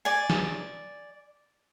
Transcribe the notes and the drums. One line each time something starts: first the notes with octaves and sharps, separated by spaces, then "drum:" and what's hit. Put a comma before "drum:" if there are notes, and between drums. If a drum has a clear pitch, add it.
D5 G#5
drum: snare